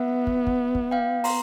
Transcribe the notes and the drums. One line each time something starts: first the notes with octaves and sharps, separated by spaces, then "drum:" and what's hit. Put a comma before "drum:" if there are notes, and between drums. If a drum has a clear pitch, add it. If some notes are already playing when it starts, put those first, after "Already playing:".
Already playing: B3 E5 F#5
drum: kick
drum: kick
drum: kick
F5 G5
A#5 C6, drum: open hi-hat